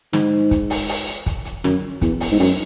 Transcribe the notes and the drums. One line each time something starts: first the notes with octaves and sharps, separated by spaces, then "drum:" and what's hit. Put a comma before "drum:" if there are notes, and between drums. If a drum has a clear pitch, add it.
G#2, drum: snare
drum: kick, hi-hat
drum: open hi-hat
drum: open hi-hat
drum: hi-hat
drum: kick, hi-hat
drum: hi-hat
F#2, drum: snare
E2, drum: kick, hi-hat
drum: open hi-hat
G#2
F#2, drum: open hi-hat